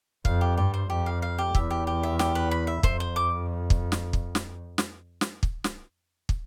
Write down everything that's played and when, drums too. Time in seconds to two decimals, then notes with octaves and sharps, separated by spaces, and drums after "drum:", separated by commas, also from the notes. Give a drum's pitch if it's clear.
0.25 F2 F5, drum: kick
0.41 G4
0.57 G2 G4
0.74 C5
0.90 F2 G4
1.06 F5
1.22 F5
1.38 G4
1.55 E2 E5, drum: kick
1.70 G4
1.87 G4
2.03 E5
2.19 G4, drum: snare
2.35 B4
2.51 B5
2.67 E5
2.83 F2 C5, drum: kick
3.00 C5
3.16 D6
3.70 drum: kick
3.92 drum: snare
4.13 drum: kick
4.35 drum: snare
4.78 drum: snare
5.21 drum: snare
5.43 drum: kick
5.64 drum: snare
6.29 drum: kick